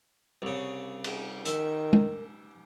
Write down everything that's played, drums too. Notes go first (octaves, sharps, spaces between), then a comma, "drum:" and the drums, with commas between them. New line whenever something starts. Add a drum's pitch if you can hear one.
C2 C#3
drum: cymbal
D#3 A#4 E5, drum: hi-hat
drum: tom